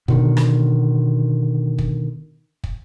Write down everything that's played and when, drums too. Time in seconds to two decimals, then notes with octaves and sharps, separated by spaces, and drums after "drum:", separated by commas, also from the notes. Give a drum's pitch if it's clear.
0.08 B2 D3 D#3, drum: kick
0.37 drum: rim click
1.78 drum: kick
2.64 drum: kick